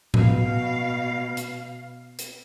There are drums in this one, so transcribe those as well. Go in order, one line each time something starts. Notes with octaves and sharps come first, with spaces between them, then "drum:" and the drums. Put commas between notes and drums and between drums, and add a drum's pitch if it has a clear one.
B2 F5, drum: tom A2
drum: hi-hat
drum: hi-hat